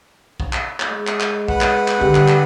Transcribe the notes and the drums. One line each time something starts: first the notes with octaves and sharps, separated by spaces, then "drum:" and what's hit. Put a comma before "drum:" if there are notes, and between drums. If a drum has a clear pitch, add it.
drum: kick
drum: clap
drum: clap
G#3
drum: clap
drum: clap
B4 F#5, drum: kick
drum: clap
drum: clap
C2 D3 C4 G4, drum: kick
drum: clap
drum: clap